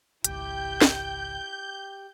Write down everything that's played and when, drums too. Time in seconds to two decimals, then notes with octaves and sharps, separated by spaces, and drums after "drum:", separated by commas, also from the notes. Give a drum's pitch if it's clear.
0.24 G#1 C#2 E4 G4 G5 G6, drum: hi-hat
0.82 drum: snare